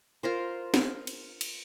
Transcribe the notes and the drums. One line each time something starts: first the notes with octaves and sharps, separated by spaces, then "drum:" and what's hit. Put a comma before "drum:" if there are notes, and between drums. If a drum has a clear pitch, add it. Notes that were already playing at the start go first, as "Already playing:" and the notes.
F4 A#4 C5
drum: snare
drum: cymbal
drum: cymbal